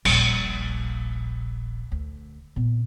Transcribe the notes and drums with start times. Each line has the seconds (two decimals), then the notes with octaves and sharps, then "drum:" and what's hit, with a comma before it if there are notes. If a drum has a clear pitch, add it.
0.05 D#1 A#1, drum: cymbal
1.92 D2
2.56 A#2 B3